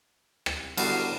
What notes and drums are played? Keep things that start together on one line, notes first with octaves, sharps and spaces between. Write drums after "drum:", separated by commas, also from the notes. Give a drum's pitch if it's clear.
drum: rim click
D3 G3 B3 F#4 F5, drum: cymbal